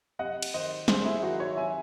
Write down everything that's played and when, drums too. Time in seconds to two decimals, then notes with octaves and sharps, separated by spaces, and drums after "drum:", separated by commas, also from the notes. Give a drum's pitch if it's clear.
0.19 C3 D#5 F#5
0.42 drum: cymbal
0.54 D#3 C5 D#5
0.88 C3 G#4 C5, drum: snare
1.05 E4 G#4
1.22 D#3 D#4 F#4
1.40 C#5 E5
1.56 C3 E5 G#5